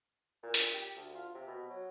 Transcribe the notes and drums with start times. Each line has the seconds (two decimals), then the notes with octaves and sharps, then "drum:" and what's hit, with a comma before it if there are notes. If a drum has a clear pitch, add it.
0.43 A#2
0.54 drum: hi-hat
0.74 G4
0.96 D2
1.15 F4
1.34 C3
1.47 B2
1.70 F#3